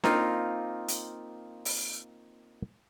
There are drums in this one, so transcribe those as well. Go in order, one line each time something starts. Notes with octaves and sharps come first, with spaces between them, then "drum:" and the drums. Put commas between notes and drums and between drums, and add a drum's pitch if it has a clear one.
A#3 C4 D#4 F4, drum: snare D4
drum: hi-hat
drum: open hi-hat